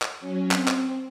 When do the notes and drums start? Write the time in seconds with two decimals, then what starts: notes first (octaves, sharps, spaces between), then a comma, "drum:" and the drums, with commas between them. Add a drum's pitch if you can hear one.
0.02 drum: clap
0.20 F#3 C#4
0.51 C4, drum: clap
0.68 drum: clap